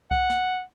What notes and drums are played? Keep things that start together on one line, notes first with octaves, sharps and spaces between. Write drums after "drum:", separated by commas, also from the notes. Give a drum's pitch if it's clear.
F#5, drum: kick C2
drum: snare